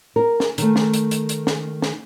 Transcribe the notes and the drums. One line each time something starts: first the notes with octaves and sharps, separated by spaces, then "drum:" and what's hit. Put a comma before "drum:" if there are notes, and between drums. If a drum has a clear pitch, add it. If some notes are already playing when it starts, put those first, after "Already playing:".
A#4
drum: snare
D#3 A3, drum: hi-hat
drum: snare
drum: hi-hat
drum: hi-hat
drum: hi-hat
drum: snare
drum: snare